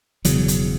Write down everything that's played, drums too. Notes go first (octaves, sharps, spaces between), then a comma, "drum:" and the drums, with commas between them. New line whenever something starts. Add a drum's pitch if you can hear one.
E1 E2 C#3 F#3, drum: hi-hat
drum: hi-hat